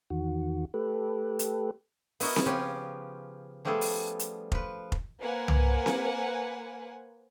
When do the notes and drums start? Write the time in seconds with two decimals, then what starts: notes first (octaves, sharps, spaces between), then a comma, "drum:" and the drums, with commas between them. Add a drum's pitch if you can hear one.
0.10 E2 D#3 F#4
0.74 A3 G4 A4 B4
1.39 drum: hi-hat
2.20 B3 E4 F#4 A#4 D#5, drum: open hi-hat
2.36 drum: snare C4
2.46 C#3 F3 B3 C#4 G4 B4
3.65 F3 G3 A3 B3 G#4 A4
3.81 drum: open hi-hat
4.19 drum: hi-hat
4.52 F3 B4, drum: kick F1
4.92 drum: kick F1
5.21 A#3 B4 C5 F#5 G#5
5.48 drum: tom C2
5.86 drum: snare C4